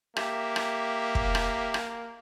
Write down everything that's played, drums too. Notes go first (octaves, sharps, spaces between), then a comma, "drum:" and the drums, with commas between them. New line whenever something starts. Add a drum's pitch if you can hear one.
A#3 G4 E5, drum: rim click
drum: rim click
drum: kick
drum: rim click
drum: rim click